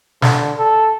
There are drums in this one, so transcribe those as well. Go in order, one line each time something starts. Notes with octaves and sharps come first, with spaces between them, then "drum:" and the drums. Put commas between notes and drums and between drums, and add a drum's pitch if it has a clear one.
D3, drum: snare
A4